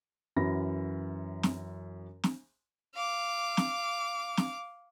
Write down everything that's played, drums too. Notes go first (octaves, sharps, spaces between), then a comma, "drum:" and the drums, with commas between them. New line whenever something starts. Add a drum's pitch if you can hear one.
F#2 E3 F#4 B5 A#6
drum: snare
drum: snare
F5 D6
drum: snare
drum: snare